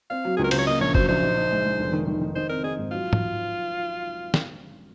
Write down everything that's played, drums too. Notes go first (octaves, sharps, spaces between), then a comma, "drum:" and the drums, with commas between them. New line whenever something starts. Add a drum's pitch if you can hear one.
C4 F5
F#3
C#2 G#4
A#4
C#3 C5, drum: cymbal
C#5
A#3 D#5
A#1 C#5
F#3 C5, drum: kick
A#1 C5
D#4
D#4
G#3
G#3
F1
D#3
D#3
D#3
D#4 C5
C4 A#4
D#4 G#4
G#2
F#3 F4
drum: tom G#2
drum: snare